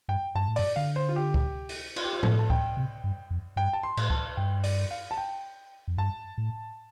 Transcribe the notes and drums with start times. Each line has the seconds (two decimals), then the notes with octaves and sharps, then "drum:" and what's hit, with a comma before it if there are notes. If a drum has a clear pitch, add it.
0.08 G2 G5
0.35 G2 A5
0.47 A2
0.56 G2 D5, drum: open hi-hat
0.76 D3 F5
0.96 C5
1.09 F4
1.16 G4
1.34 drum: kick C#2
1.69 drum: open hi-hat
1.96 F4, drum: cymbal
2.04 G4
2.13 F4
2.19 C5
2.23 A4, drum: tom A2
2.39 A5
2.50 G5, drum: kick C#2
2.77 C3
3.04 G2
3.31 F2
3.56 G2 G5
3.73 A5
3.83 C6
3.97 A2, drum: cymbal
4.10 A5, drum: kick C#2
4.37 G2 G5
4.64 D5, drum: open hi-hat
4.91 F5
5.11 A5
5.17 G5
5.88 F2
5.98 G2 A5
6.38 A2